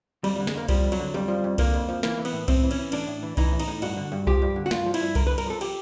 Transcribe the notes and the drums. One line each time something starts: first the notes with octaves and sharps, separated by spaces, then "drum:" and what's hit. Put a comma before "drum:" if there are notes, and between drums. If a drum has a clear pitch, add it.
F2 G3, drum: cymbal
D3 G3
G#3, drum: snare
F2 A#3
F3 G3, drum: kick C2, cymbal
F2
F#3, drum: cymbal
D3
F2 G3
F3
F2
D3 A#3, drum: kick C2, cymbal
F2
F3
E3 A#3, drum: snare
E3
B3, drum: cymbal
A2
A2 C4, drum: kick C2, cymbal
E3
C#4, drum: cymbal
E3
A2 D4, drum: cymbal
A2
E3
E3 D#4, drum: kick C2, cymbal
A2
D#4, drum: cymbal
A2
G2 F#4, drum: cymbal
D3
G2
F3 G4, drum: kick C2
G2
D3
F#4
G2 F4, drum: snare
F3
E4, drum: cymbal
G2
D3 A#4, drum: kick C2, cymbal
G2 B4
A#4, drum: cymbal
F3 A4
G4, drum: cymbal